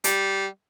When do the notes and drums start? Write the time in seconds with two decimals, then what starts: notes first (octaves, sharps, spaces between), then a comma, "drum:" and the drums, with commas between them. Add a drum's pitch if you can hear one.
0.04 G3, drum: hi-hat